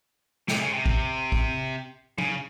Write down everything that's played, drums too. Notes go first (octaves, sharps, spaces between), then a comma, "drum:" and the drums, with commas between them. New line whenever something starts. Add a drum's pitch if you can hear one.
C3, drum: snare
C#3
C3
drum: kick A1
drum: kick A1
C#3, drum: tom